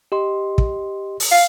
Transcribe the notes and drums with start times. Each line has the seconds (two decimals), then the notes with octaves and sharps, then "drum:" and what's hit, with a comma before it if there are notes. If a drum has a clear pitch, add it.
0.12 G4 D#5 C6
0.58 drum: kick
1.20 drum: open hi-hat
1.31 F5